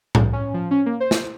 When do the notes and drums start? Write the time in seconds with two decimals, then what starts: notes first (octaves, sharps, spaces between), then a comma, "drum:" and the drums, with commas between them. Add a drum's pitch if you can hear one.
0.15 C2, drum: tom A2
0.33 C#4
0.54 F3
0.71 C#4
0.86 A#3
1.00 C5
1.11 drum: snare